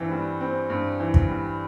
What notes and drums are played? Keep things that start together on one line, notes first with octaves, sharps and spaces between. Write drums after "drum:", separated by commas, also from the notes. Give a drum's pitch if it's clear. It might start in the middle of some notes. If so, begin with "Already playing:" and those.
Already playing: G2 E3 C4
G3
C4
G2
E3
drum: kick
G3